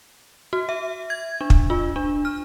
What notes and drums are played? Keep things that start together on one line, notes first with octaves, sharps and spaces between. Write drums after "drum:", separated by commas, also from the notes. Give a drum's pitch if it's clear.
F#4
E5
G#6
D4
drum: kick
F4
D4
F6